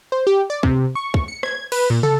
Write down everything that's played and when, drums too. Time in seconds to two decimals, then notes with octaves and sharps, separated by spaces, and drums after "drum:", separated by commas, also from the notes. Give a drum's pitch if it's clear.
0.12 C5
0.27 G4
0.50 D5
0.63 C3, drum: kick
0.95 C#6
1.14 drum: kick
1.28 C#7
1.43 G#6, drum: rim click
1.72 B4, drum: cymbal
1.90 A#2
2.03 A4, drum: tom